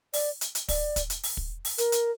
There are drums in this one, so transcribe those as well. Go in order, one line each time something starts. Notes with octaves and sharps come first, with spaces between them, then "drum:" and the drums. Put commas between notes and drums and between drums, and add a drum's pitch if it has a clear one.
D5, drum: open hi-hat
drum: hi-hat
drum: hi-hat
D5, drum: kick, open hi-hat
drum: kick, hi-hat
drum: hi-hat
drum: open hi-hat
drum: kick
drum: open hi-hat
A#4, drum: hi-hat
drum: hi-hat